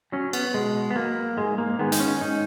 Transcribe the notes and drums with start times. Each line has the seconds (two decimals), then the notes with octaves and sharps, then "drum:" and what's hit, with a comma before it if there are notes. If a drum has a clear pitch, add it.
0.12 F#3 C#4
0.33 B3, drum: cymbal
0.54 B2 G#3
0.91 B3
0.96 F#3 A#3
1.37 G#2 G#3
1.58 A#3
1.79 D#3 G#3 B3
1.92 D#4, drum: hi-hat
2.00 C#4
2.21 G#2 D#4